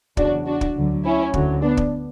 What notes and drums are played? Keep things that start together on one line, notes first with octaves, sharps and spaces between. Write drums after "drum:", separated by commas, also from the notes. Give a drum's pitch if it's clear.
E2 C#3 F#3 D4 F#4, drum: kick
D4 F#4
drum: kick
D2 D3 F#3
C#4 E4
D2 D3 F#3, drum: kick
B3 D4
drum: kick